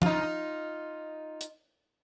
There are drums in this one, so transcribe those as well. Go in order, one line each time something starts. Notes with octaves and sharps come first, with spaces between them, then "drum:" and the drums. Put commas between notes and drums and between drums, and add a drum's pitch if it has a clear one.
D#4 F4, drum: tom F3
drum: hi-hat